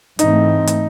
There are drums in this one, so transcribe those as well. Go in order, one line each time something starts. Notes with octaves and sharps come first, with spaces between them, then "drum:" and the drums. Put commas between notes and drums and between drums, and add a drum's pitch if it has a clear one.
G#2 E3 A3 C4 D#4, drum: hi-hat
drum: hi-hat